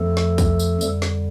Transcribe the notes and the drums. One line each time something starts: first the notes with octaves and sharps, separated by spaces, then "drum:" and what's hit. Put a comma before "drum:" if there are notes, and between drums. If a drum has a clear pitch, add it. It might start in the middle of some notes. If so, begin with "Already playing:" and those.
Already playing: F2 F3 A3 A4
drum: snare
drum: kick, tambourine
drum: tambourine
F2 D3 G3, drum: tambourine
drum: snare